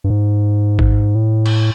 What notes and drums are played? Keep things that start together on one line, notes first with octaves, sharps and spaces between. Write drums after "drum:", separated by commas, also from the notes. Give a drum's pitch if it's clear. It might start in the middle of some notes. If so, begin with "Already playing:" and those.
G2
G#2
drum: kick G#1
A2
drum: cymbal